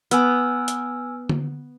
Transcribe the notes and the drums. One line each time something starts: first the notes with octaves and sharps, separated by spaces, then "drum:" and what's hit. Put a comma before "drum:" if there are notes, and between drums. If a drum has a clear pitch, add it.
B3 G#5 E6 F6, drum: hi-hat
drum: hi-hat
drum: tom D3